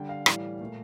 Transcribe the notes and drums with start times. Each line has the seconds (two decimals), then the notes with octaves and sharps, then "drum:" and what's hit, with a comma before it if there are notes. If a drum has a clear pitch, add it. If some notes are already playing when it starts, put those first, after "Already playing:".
Already playing: D3 G3 G5
0.09 F5
0.26 A2 E3 G3, drum: rim click
0.61 A#2 A3